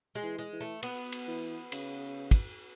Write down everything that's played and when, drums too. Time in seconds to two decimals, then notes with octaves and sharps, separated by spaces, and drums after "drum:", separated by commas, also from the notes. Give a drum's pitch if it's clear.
0.15 G#3
0.23 E3
0.39 G#3
0.53 E3
0.61 A3
0.83 B3, drum: cymbal
1.12 drum: cymbal
1.27 E3
1.72 C#3, drum: cymbal
2.31 drum: kick, cymbal